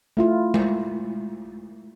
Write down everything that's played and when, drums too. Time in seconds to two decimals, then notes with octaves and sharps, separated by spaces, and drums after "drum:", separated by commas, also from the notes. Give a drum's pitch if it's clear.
0.17 A3 E4 F4
0.54 drum: tom G#3